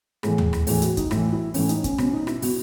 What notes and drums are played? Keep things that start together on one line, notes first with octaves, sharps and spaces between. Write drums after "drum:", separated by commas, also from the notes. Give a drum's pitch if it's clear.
A2 E3 G#4, drum: rim click
drum: tom D#2
drum: rim click
A2 E3 G#4, drum: open hi-hat
F#4, drum: hi-hat
D#4, drum: kick, hi-hat
A2 E3 E4, drum: rim click
E4
A2 E3 C#4, drum: open hi-hat
D#4, drum: hi-hat
C#4, drum: kick, hi-hat
B2 C#4, drum: rim click
D#4
E4, drum: rim click
B2 F#4, drum: open hi-hat